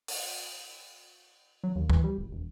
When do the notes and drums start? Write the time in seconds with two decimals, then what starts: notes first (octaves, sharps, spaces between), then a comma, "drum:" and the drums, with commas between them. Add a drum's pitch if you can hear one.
0.08 drum: open hi-hat
1.64 F#3
1.76 D#2
1.90 E3, drum: kick
2.04 G3
2.18 D1
2.32 E1